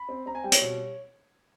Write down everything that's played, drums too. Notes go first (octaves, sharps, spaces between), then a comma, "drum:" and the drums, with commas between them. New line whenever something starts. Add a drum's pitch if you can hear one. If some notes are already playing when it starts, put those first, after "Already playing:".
Already playing: B5
C4
C4 A#5
G#5
G3 G5
C#5, drum: hi-hat
B2